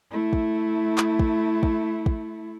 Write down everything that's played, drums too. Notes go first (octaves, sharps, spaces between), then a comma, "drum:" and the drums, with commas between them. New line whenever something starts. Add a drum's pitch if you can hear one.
A3 E4
drum: kick
drum: clap
drum: kick
drum: kick
drum: kick